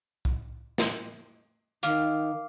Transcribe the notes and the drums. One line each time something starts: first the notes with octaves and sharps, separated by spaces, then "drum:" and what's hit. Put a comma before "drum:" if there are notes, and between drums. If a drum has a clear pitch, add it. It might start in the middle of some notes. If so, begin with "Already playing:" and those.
drum: kick
drum: snare
D#3 F5 D6, drum: hi-hat